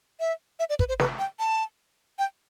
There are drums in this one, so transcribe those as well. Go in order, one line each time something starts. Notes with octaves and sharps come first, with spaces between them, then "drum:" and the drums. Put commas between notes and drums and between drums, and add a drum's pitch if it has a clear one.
E5
E5
D5
B4, drum: kick
C5
B4, drum: snare
G5
A5
G5